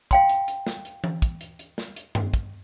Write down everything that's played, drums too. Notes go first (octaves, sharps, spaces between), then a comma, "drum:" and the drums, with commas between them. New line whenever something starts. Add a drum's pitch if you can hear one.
F5 G5 C6, drum: kick, hi-hat
drum: hi-hat
drum: hi-hat
drum: snare
drum: hi-hat
drum: tom E3
drum: kick, hi-hat
drum: hi-hat
drum: hi-hat
drum: snare
drum: hi-hat
drum: tom G2
drum: kick, hi-hat